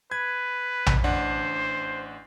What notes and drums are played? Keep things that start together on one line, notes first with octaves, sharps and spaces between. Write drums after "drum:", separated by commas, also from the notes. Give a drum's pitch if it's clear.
B4 G#6
drum: tom A#1
A1 D4 C5 F#5